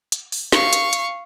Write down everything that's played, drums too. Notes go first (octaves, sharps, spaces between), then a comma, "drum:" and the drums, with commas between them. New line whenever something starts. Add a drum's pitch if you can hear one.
drum: hi-hat
drum: open hi-hat
F5 C#6, drum: snare
drum: hi-hat
drum: hi-hat